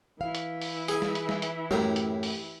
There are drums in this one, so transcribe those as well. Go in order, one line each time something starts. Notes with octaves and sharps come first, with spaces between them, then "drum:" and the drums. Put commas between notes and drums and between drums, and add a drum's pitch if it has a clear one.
E3 E4 F5
drum: hi-hat
drum: open hi-hat
G#4 G#5, drum: hi-hat
drum: snare
drum: hi-hat
drum: snare
drum: hi-hat
F#2 A2 G4 A#5, drum: snare
drum: hi-hat
drum: open hi-hat